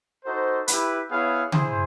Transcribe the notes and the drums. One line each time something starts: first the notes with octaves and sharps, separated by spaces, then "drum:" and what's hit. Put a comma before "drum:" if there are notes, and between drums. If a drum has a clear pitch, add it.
D#4 F#4 A4 C5
E4 G4 B4, drum: hi-hat
B3 E4 G#4 C#5 F5
E4 G#4 C5, drum: tom C#3